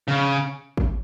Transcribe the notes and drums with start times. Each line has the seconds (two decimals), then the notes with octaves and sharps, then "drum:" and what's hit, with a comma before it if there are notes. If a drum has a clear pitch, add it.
0.08 C#3
0.77 drum: kick G#1